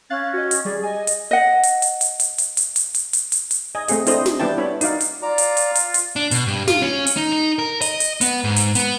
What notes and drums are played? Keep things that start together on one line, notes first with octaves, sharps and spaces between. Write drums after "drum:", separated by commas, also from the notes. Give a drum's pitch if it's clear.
C#4 F5 F#6 A6
F#4 D#5
drum: hi-hat
G3 G#4 D5
D#5 G#5
drum: hi-hat
D#5 F#5
drum: hi-hat
drum: hi-hat
drum: hi-hat
drum: hi-hat
drum: hi-hat
drum: hi-hat
drum: hi-hat
drum: hi-hat
drum: hi-hat
drum: hi-hat
drum: hi-hat
D#5 G#5
A3 C4 G#4 D#5, drum: hi-hat
C4 D4 E4 A4 C5 D#5, drum: hi-hat
drum: snare
G3 B3 D4 E4 G5 A5
D4 E4 C#5 E5 B5
D#4 F#4 D5 F5 F#5, drum: hi-hat
drum: hi-hat
F4 D5 A#5
drum: hi-hat
drum: hi-hat
drum: hi-hat
drum: hi-hat
D4
B2, drum: hi-hat
G2
F4, drum: snare
C#4
drum: hi-hat
D#4
D#4
A#4
D#5, drum: hi-hat
drum: hi-hat
B3, drum: hi-hat
G#2
drum: hi-hat
B3, drum: hi-hat